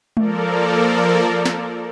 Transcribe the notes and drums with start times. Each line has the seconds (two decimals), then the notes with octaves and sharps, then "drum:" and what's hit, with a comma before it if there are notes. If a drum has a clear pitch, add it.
0.17 F3 A#3 A4 A#4 D5, drum: tom G#3
1.46 drum: snare